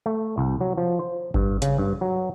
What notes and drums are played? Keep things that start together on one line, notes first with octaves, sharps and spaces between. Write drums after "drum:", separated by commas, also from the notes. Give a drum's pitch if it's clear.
A3
C2
F#3
F3
C5
G2, drum: kick G#1
C#3, drum: hi-hat
G2
F#3